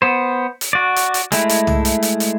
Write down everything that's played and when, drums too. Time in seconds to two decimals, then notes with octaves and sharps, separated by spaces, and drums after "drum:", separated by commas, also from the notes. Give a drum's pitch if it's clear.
0.02 B3 C5
0.61 drum: hi-hat
0.73 F#4 D5
0.96 drum: hi-hat
1.14 drum: hi-hat
1.32 G#3 A3 E4, drum: hi-hat
1.49 drum: hi-hat
1.67 drum: tom
1.85 drum: hi-hat
2.03 drum: hi-hat
2.20 drum: hi-hat